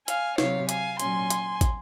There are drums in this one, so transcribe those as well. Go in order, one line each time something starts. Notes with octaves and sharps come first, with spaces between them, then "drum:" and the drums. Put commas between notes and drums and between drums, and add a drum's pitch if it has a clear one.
F5 G#5, drum: hi-hat
C3 F#3 C4 C#5 F5, drum: snare
F5 G#5, drum: hi-hat
A#2 F#3 C#4 G#5 C6, drum: hi-hat
drum: hi-hat
drum: kick, hi-hat